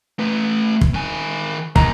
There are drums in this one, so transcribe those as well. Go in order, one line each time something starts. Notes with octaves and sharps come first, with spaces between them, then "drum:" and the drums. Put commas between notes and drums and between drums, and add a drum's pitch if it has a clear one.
A3 B4
drum: kick
D#3 G#5
D#2 A#5, drum: kick